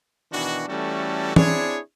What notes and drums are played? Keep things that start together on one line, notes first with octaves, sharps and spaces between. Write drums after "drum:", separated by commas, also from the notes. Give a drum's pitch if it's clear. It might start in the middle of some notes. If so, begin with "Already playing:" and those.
B2 D#3 E3 D4 F#4
E3 G3 A3 C#4 F#4 A4
C4 D4 E4 G#4 C#5, drum: tom E3